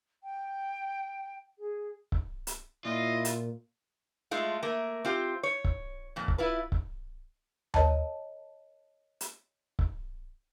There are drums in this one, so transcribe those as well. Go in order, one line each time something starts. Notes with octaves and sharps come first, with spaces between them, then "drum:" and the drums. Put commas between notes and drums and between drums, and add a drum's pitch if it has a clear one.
G5
G#4
drum: kick C#1
drum: hi-hat
A#2 E4 F4 D#5
drum: hi-hat
G#3 A3 F4
A3 A#3 A#4
C4 F4 G4
C#5
drum: kick C#1
F2 A#2
drum: kick C#1
E4 F4 B4
drum: kick C#1
A#4 C#5 D#5 A5 A#5, drum: tom D2
drum: hi-hat
drum: kick C#1